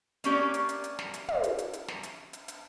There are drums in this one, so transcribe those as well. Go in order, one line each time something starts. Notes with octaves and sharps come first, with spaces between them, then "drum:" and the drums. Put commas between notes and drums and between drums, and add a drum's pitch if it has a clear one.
A#3 C#4 G4 D5, drum: hi-hat
drum: hi-hat
drum: hi-hat
drum: hi-hat
drum: snare
drum: hi-hat
drum: tom
drum: hi-hat
drum: hi-hat
drum: hi-hat
drum: snare
drum: hi-hat
drum: hi-hat
drum: hi-hat